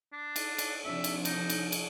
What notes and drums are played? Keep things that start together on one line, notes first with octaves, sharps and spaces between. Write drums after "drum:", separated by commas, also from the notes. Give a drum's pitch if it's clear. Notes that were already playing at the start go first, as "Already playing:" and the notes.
D4
drum: cymbal
drum: cymbal
C3 F3 D4 E5
drum: cymbal
D#4, drum: cymbal
drum: cymbal
drum: cymbal